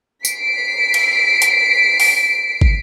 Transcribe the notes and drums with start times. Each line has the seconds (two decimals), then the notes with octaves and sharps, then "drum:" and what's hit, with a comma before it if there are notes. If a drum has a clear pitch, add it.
0.25 B6 C7 D7, drum: tambourine
0.94 drum: cymbal
1.42 drum: hi-hat
2.00 drum: open hi-hat
2.61 drum: kick